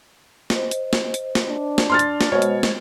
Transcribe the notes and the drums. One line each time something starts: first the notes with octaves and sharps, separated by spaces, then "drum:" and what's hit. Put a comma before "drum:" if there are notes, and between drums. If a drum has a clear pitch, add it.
C5 D#5, drum: snare
drum: hi-hat
drum: snare
drum: hi-hat
drum: snare
D4
drum: snare
C6 F6 A6
drum: hi-hat
drum: snare
B2 G#3 C5 C#5 D#5
drum: hi-hat
drum: snare